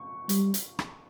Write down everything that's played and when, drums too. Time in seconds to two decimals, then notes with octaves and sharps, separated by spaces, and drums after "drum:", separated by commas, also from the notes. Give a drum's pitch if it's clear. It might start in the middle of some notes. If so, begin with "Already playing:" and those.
Already playing: C#6
0.29 G3, drum: hi-hat
0.54 drum: hi-hat
0.79 drum: rim click